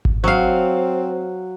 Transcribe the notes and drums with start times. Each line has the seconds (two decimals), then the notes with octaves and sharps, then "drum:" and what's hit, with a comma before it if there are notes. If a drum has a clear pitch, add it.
0.05 drum: kick G#1
0.24 F#3 C4 F5